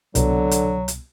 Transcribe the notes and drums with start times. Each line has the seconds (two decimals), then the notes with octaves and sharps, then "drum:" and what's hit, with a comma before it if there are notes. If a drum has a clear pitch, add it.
0.15 C2 B2 D3 F#3, drum: hi-hat
0.51 drum: hi-hat
0.88 drum: hi-hat